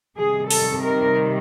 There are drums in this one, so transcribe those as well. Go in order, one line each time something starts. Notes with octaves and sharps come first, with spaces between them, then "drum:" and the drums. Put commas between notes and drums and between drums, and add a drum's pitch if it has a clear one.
C3 D#3 G3 G#4
A4, drum: open hi-hat
A#4